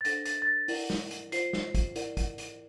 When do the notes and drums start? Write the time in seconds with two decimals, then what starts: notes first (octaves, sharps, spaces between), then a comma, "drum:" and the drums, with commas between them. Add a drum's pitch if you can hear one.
0.01 A6
0.05 D4 A4 C5 A#6, drum: hi-hat
0.25 A6, drum: hi-hat
0.42 A6
0.47 A#6
0.68 E4 A#4 D5, drum: open hi-hat
0.90 drum: snare
1.11 drum: hi-hat
1.32 F4 C5 C7, drum: hi-hat
1.53 drum: snare
1.75 drum: kick, hi-hat
1.96 E4 A#4 D5, drum: hi-hat
2.17 drum: kick, hi-hat
2.38 drum: hi-hat